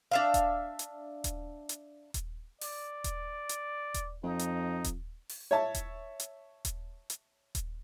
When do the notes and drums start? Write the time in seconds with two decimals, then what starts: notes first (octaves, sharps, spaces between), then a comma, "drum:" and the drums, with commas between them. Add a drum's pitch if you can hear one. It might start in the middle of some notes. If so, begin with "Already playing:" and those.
0.11 D4 E5 F5
0.34 drum: kick D#1, hi-hat
0.79 drum: hi-hat
1.24 drum: kick D#1, hi-hat
1.69 drum: hi-hat
2.14 drum: kick D#1, hi-hat
2.61 D5, drum: open hi-hat
3.04 drum: kick D#1, hi-hat
3.49 drum: hi-hat
3.94 drum: kick D#1, hi-hat
4.23 F2 D#4
4.39 drum: hi-hat
4.84 drum: kick D#1, hi-hat
5.29 drum: open hi-hat
5.51 C#5 E5 A5
5.75 drum: kick D#1, hi-hat
6.20 drum: hi-hat
6.65 drum: kick D#1, hi-hat
7.10 drum: hi-hat
7.55 drum: kick D#1, hi-hat